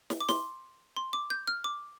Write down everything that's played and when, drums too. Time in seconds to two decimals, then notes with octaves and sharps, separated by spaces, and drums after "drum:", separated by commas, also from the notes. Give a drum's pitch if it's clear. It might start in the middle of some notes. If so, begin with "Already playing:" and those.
0.10 drum: snare
0.20 D6
0.29 C6, drum: snare
0.96 C6
1.13 D6
1.30 G6
1.47 F6
1.64 D6